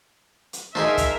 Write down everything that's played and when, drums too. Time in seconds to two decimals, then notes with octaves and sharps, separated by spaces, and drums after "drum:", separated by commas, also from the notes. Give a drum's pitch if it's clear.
0.53 drum: hi-hat
0.75 F3 D#4 G#4 A#4 E5, drum: snare
0.98 drum: kick, hi-hat